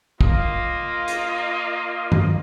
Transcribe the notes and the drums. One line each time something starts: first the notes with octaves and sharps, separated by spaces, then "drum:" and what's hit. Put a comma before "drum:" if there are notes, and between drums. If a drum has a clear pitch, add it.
A#3 F4 D#5, drum: kick
drum: hi-hat
drum: tom